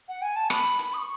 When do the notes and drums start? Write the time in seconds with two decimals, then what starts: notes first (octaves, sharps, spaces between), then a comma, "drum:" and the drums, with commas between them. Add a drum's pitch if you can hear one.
0.09 F#5
0.22 G#5
0.36 A5
0.50 B5, drum: rim click
0.79 drum: hi-hat
0.94 D#6
0.98 C#6